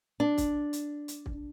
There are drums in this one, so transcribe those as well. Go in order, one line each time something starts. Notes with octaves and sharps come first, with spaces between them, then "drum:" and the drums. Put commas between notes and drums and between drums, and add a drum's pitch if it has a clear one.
D4
drum: kick, hi-hat
drum: hi-hat
drum: hi-hat
drum: kick